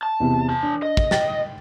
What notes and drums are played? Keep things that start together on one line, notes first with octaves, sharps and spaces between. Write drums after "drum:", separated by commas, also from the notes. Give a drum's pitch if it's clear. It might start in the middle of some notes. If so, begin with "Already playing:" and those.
A5
E2 C3
E3 A5
D4
D#5
drum: kick
G5 A6, drum: snare